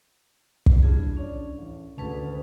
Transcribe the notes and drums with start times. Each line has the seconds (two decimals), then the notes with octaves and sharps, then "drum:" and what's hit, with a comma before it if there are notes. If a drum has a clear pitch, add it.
0.66 drum: kick
0.83 G3 D4 E4 F4 G#4
1.17 C#4 D4 C#5 D5
1.58 A1
1.98 D2 C#4 G#4 B4 A5